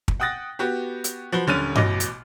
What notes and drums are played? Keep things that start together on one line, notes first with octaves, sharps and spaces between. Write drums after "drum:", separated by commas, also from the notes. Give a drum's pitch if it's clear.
drum: kick
F#5 G5 D#6 F#6 A6 A#6
B3 F#4 G4
drum: hi-hat
F3 F#4 B4 G7
D#1 D3 C#4 F6 A6 D#7
A1 B2 D#5 D6, drum: tom G2
drum: hi-hat